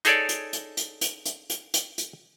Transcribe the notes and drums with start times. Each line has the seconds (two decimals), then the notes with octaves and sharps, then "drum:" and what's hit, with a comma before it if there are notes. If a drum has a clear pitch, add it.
0.05 D#4 G#4 A4 C#5 D5, drum: hi-hat
0.29 drum: hi-hat
0.53 drum: hi-hat
0.77 drum: hi-hat
1.01 drum: hi-hat
1.26 drum: hi-hat
1.50 drum: hi-hat
1.74 drum: hi-hat
1.98 drum: hi-hat